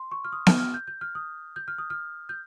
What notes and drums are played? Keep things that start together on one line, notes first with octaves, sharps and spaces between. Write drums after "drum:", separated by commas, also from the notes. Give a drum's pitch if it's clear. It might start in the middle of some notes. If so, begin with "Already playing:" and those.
Already playing: C6
C#6
F6
D#6
F6, drum: snare B3
F6
G6
G6
F6
D#6
G6
F6
D#6
F6
G6